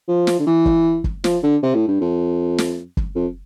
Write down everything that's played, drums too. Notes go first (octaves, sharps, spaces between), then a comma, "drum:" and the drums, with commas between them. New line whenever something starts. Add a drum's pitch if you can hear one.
F3
drum: snare
D3
E3
drum: kick
drum: kick
F3, drum: snare
D3
C3
A2
G2
F2
drum: snare
drum: kick
F2